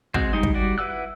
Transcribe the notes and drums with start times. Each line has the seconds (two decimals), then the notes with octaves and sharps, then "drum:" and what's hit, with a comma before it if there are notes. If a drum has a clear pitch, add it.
0.14 G#3 C4 F#4 C5, drum: kick
0.33 G3 G#3 D#4
0.43 drum: kick
0.54 G3 F#4 D5
0.78 E4 B4 F#5 E6 F#6